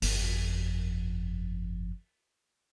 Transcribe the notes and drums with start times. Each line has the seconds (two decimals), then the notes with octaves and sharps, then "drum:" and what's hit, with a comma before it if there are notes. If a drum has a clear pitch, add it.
0.02 G1 F2, drum: open hi-hat